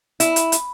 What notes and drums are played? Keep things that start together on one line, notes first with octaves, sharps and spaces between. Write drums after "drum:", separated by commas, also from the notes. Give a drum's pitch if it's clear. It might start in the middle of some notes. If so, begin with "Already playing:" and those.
E4, drum: hi-hat
drum: hi-hat
drum: hi-hat